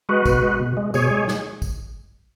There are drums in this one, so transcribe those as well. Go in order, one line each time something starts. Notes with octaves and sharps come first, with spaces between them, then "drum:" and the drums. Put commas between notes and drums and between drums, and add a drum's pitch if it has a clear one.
G#3 F#4 B4
B2, drum: kick, tambourine
G#3
B2
G#3
B2 G#4 C#5, drum: tambourine
G#3
drum: snare
drum: kick, tambourine